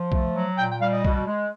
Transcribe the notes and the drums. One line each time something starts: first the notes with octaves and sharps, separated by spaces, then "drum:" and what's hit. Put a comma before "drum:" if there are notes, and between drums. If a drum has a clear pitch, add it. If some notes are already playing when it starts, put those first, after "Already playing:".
Already playing: F3
A3, drum: kick B1
F#3
A#2 G5
G5
G3 F5
D#5
B2, drum: kick B1
G#3